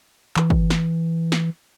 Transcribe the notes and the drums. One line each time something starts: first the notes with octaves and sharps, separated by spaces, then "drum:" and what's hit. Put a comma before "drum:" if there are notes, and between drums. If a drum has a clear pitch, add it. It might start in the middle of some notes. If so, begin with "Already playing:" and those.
E3, drum: clap
drum: kick
drum: snare
drum: snare